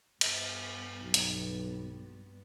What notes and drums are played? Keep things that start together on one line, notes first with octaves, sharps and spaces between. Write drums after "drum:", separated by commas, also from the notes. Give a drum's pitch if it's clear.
G2 B3, drum: cymbal
B1
drum: hi-hat